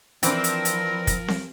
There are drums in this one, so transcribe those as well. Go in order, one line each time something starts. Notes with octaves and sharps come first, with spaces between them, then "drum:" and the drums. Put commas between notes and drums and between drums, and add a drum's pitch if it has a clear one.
E3 F3 C4 D4 A#4, drum: hi-hat
drum: hi-hat
drum: hi-hat
drum: kick, hi-hat
drum: snare C4